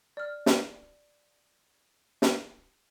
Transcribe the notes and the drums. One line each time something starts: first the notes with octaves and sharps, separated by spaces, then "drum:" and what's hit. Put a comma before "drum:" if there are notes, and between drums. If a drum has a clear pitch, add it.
D5 F6
drum: snare
drum: snare